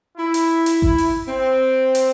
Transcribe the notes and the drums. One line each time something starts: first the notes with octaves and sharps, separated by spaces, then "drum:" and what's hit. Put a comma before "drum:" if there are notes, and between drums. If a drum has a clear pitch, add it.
E4
drum: hi-hat
drum: hi-hat
drum: kick G#1
drum: open hi-hat
C4
drum: hi-hat